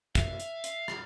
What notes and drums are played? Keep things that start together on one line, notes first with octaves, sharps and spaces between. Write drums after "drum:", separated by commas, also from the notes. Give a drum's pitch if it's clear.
E5 F5, drum: kick, hi-hat
drum: hi-hat
drum: hi-hat
drum: rim click